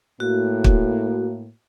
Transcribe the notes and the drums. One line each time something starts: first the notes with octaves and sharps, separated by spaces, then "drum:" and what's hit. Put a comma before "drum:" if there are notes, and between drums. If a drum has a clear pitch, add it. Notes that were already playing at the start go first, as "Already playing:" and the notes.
A2 A#3 F#4
drum: kick